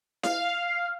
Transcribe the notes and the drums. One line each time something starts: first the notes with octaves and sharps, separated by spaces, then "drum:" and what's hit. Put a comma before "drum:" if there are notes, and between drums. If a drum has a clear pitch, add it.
F5, drum: snare E4